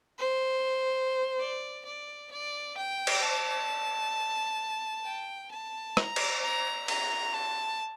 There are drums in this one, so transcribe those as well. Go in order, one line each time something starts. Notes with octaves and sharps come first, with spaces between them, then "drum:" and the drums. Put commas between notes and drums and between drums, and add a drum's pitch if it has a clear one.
C5
D5
D5
D5
G5
drum: cymbal
A5
G5
A5
A#5, drum: rim click
drum: cymbal
A#5
A#5, drum: cymbal
A5